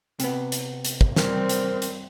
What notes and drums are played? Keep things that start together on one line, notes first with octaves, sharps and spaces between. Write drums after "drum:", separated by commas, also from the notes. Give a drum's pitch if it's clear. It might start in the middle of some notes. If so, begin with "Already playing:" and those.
C3 B3, drum: hi-hat
drum: hi-hat
drum: hi-hat
drum: kick
G3 C4 A#4 C5, drum: snare
drum: hi-hat
drum: hi-hat